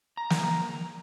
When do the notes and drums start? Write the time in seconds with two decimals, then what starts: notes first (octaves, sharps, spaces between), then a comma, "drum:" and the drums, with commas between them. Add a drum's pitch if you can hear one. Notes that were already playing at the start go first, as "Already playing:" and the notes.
0.17 A#5
0.30 drum: snare